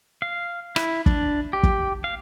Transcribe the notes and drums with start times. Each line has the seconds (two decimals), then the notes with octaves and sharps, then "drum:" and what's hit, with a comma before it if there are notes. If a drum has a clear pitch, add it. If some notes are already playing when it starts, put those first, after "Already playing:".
0.22 F5
0.76 E4, drum: rim click
1.06 D4, drum: kick
1.53 G4
1.63 drum: kick
2.04 F5